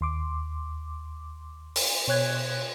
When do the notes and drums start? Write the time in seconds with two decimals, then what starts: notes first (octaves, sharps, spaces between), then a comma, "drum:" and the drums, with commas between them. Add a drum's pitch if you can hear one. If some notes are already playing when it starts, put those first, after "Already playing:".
0.01 D#2 C6 D6
1.76 drum: open hi-hat
2.08 B2 C#5 F#6 G#6